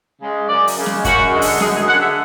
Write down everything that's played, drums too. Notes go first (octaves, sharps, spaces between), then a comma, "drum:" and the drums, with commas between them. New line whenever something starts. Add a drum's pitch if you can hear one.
C#3 G#3
F#2 D5
drum: open hi-hat
C#3 G#3
drum: snare
F#2 F#4, drum: kick, hi-hat
D3 G#3
drum: open hi-hat
F#2 G#4, drum: snare
G#4
D3 G#3 F#5
E5